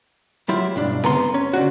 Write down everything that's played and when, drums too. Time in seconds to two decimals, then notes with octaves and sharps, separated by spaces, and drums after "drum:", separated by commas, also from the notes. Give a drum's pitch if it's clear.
0.49 F#3 E4 F4 G4
0.76 B1 G2 D4
1.04 B3 A#5 C6, drum: snare C4
1.34 C#4
1.53 D3 D4 F#4